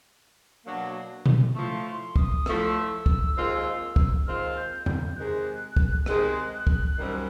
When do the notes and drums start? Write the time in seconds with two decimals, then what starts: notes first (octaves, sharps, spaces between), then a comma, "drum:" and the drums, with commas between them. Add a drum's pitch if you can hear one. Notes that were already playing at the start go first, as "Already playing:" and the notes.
0.66 B2 F#3 A#3 D4 F#4
1.26 drum: tom B2
1.55 A2 F3 A3 C#6
1.86 C6
2.16 D#6, drum: kick
2.46 A2 F3 A3 E6, drum: rim click
3.06 drum: kick
3.36 D#2 D#3 G#3 C4 F4
3.96 drum: kick
4.26 D#2 D#3 G#3 C4 F4 F6
4.56 G6
4.86 G6, drum: tom E2
5.16 C3 D#3 G#3 F#6
5.76 drum: kick
6.06 C3 D#3 G#3 F#6, drum: rim click
6.67 drum: kick
6.97 F#2 D#3 G3 C4